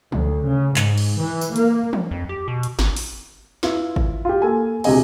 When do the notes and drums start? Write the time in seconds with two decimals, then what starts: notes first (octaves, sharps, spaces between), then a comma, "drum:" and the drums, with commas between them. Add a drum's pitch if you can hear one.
0.12 D2, drum: tom E3
0.47 C#3
0.76 G#2, drum: clap
0.98 drum: cymbal
1.22 E3
1.41 drum: tambourine
1.56 A#3, drum: hi-hat
1.93 drum: tom E3
2.11 F2
2.29 G4
2.48 B2
2.63 drum: hi-hat
2.79 G#1, drum: snare
2.96 drum: open hi-hat
3.63 E4 F4 B4, drum: snare
3.96 drum: kick G#1
4.25 F4 G4
4.42 A#3 A4 G#5
4.84 E1 D2 C3 G#3 D#5 G#5, drum: cymbal